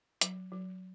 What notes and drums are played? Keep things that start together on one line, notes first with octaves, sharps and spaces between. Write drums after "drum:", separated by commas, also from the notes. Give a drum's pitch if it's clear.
F#3, drum: hi-hat
F#3